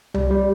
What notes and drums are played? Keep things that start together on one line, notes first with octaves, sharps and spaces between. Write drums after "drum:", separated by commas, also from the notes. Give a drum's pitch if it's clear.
G3, drum: tom C2
G3